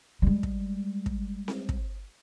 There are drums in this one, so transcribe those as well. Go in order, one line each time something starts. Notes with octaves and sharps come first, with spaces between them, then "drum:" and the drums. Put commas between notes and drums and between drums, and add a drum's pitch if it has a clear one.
G3 G#3
drum: kick
drum: kick
drum: snare C4
drum: kick